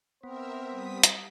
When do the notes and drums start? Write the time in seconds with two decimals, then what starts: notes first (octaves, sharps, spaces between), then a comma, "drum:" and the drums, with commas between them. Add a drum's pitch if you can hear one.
0.23 B3 C4 A#4 C5 E5
0.70 G3 D#6 B6
1.03 drum: hi-hat